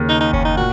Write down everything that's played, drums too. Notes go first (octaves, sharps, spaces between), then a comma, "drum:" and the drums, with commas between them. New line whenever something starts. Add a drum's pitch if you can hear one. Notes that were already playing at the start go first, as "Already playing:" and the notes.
Already playing: D#2 C#3 A#3
D#4
D#4
C#4, drum: kick F#1
D#4
A#2 F#4